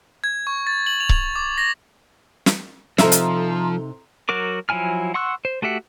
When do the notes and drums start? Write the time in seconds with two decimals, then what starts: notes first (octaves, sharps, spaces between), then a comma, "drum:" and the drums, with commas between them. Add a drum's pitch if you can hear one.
0.24 G#6
0.47 C#6
0.67 A6
0.86 F#7
1.00 F7
1.09 drum: kick C#1
1.36 D6
1.58 A#6
2.46 drum: snare
2.98 C3 F3 D#4 A4 E5 A#5 C6, drum: snare
3.12 drum: hi-hat
4.29 F#3 F#4 A#4 D6
4.69 F3 F#3 E4 G#5 F6
5.14 F#5 C6 C#6 E6 F#6
5.45 C5
5.62 A3 F#4 G4 E5 F#5